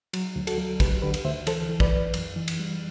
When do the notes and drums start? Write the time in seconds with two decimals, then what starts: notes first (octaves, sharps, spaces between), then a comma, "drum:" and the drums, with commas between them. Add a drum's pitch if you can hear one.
0.13 F#3, drum: cymbal
0.36 D2
0.47 F#4 A4, drum: cymbal
0.58 F#3
0.80 D2 G4 B4, drum: kick, cymbal
1.02 D3 G4 B4
1.14 drum: cymbal
1.25 D2 C5 E5
1.47 E3 A4 C5, drum: cymbal
1.69 E3
1.80 B4 D5, drum: kick
1.92 F#2
2.14 F#2, drum: cymbal
2.36 E3
2.48 drum: cymbal
2.59 G3